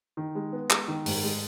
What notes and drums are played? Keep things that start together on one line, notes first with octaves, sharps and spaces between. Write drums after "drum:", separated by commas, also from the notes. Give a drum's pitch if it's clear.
D#3
G#3
B3
G#3, drum: clap
D#3
G#2, drum: open hi-hat
G#3